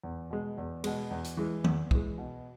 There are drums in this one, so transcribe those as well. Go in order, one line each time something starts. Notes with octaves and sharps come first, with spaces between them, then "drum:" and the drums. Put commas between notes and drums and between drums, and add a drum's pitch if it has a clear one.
E2
B2 G#3
E2
B2 G#3, drum: cymbal
E2
drum: hi-hat
E3 G#3
E2, drum: tom D#3
E3 G#3, drum: kick
B2